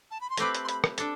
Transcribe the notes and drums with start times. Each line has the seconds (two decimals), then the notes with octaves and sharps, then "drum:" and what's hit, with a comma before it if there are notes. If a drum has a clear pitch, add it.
0.11 A5
0.21 B5
0.30 C6
0.37 A3 C4 G4 B4 D6, drum: hi-hat
0.55 drum: hi-hat
0.64 C6
0.69 B5, drum: hi-hat
0.84 drum: rim click
0.98 D4 A4, drum: hi-hat